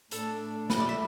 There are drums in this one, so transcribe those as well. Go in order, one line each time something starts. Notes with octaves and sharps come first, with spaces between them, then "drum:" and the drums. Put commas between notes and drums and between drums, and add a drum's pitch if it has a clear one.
A2 A3 D4 A4, drum: hi-hat
D3 G3 E4 B4, drum: snare
D5
E5